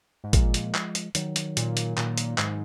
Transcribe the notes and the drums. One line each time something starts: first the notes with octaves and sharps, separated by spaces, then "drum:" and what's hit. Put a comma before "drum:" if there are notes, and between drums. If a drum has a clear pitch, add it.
G#2
A#2 F3 G#3, drum: kick, hi-hat
drum: hi-hat
drum: clap
drum: hi-hat
D#3 F#3, drum: hi-hat
drum: hi-hat
A#2, drum: hi-hat
drum: hi-hat
A#2, drum: clap
drum: hi-hat
G#2, drum: clap